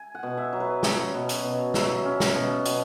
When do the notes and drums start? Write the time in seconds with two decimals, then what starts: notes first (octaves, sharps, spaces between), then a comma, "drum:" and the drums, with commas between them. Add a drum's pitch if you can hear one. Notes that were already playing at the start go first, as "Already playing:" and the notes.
Already playing: G#5
0.15 F#5
0.23 B2
0.37 E5
0.53 F#3
0.60 B4
0.83 C#4 C#5, drum: snare
1.14 B2
1.29 drum: hi-hat
1.44 B2
1.74 F#3 E5, drum: snare
2.05 C#4
2.20 drum: snare
2.35 B2
2.65 B2, drum: hi-hat